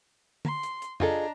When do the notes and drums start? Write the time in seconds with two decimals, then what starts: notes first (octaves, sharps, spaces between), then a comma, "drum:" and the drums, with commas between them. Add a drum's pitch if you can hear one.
0.45 C6, drum: tom
0.63 drum: hi-hat
0.82 drum: hi-hat
1.00 D4 F4 G#4 A4 D#5 A#5, drum: tom F2